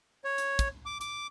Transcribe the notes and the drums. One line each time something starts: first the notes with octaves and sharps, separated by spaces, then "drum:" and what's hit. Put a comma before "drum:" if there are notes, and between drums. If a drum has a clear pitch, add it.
C#5
drum: hi-hat
drum: kick, hi-hat
D6
D6, drum: hi-hat